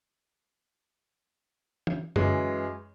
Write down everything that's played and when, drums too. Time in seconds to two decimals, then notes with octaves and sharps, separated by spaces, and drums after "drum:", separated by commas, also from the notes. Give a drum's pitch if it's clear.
1.87 drum: tom E3
2.16 F#2 E3 G#3, drum: tom F#2